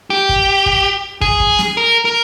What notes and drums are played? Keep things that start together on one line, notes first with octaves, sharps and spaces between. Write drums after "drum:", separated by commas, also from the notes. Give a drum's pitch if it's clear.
G4
drum: kick
drum: kick
G#4, drum: kick
drum: kick
drum: snare
A#4
A#4